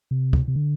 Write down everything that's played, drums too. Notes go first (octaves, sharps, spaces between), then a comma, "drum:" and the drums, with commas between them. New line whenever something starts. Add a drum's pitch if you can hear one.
C3
drum: kick
C3
D3